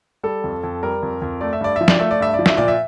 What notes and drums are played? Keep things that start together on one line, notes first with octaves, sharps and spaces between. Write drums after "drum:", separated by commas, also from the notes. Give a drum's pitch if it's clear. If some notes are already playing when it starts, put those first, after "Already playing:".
G3 A4
F2
F2
G3 A#4
F2
F2
A3 D5
E5
G2 D5
F3 E5
D5, drum: snare
A3 E5
D5
G2 E5
F3 D5
E5, drum: snare
A#2 D5
E5